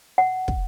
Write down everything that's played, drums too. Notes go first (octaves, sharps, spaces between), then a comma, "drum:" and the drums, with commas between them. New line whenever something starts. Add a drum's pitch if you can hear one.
F#5
drum: kick